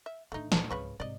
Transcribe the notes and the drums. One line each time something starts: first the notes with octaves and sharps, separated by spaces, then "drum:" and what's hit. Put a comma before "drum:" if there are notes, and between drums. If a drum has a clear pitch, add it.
E5
A2 D3 A3 D#4
D2 A#2 D#4 A4, drum: snare
C#2 G#2 C#3 B4 C#5
G#2 C3 D5 D#5